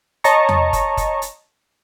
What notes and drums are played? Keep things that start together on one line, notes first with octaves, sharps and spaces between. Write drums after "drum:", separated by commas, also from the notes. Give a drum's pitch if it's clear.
C#5 D#5 A5 A#5 C#6, drum: hi-hat
drum: tom E2
drum: kick, hi-hat
drum: kick, hi-hat
drum: hi-hat